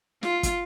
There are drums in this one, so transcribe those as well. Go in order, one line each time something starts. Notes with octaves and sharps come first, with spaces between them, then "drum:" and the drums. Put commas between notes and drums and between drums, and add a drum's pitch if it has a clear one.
F4, drum: snare
drum: kick, hi-hat